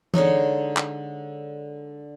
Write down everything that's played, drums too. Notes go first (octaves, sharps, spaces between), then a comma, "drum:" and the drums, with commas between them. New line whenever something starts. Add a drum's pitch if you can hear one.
D3 G#3 D#4 C#5, drum: tom E3
drum: clap